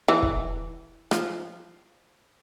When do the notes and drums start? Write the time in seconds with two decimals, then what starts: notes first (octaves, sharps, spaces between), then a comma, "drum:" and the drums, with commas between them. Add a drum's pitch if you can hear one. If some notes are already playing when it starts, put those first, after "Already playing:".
0.08 E3
0.23 drum: kick
1.11 F3, drum: rim click